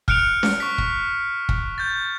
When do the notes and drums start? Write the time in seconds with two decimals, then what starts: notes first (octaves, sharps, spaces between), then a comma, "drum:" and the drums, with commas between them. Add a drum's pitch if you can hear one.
0.08 F6 F#6 C#7 D7 F7, drum: kick
0.43 drum: snare C#4
0.60 C#6 B6
0.78 drum: kick
1.49 drum: kick
1.78 G6 A6